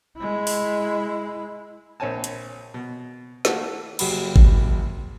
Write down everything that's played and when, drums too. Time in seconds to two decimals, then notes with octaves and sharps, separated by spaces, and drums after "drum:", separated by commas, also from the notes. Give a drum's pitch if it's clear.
0.17 G#3 E4
0.47 drum: open hi-hat
2.00 A#1 C4 C#5 G#5 A5
2.24 drum: hi-hat
2.74 B2
3.45 A3 A#3 E4 F#4, drum: snare
3.99 F#1 F#3 G4 B5, drum: cymbal
4.36 drum: kick G#1